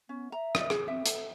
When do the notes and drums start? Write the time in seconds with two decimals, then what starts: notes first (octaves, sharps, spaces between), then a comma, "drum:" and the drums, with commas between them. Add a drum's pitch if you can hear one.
0.09 B3 C#4
0.32 E5 A#5
0.55 D5 D#5, drum: rim click
0.70 G#4, drum: rim click
0.88 C4 E5
1.06 A4, drum: hi-hat